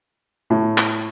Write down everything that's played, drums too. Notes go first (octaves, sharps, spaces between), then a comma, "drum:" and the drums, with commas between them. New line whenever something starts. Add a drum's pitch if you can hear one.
A2
drum: clap